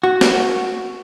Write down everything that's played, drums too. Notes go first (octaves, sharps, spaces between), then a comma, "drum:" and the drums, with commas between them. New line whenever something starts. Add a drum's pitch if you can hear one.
F#4
drum: snare